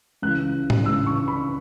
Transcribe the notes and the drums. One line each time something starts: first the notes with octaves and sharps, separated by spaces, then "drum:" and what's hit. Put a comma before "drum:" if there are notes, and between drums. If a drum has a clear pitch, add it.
C#2 C#3 E3 F#6
drum: tom A2
C#2 C#3 E3 E6
C#6
B5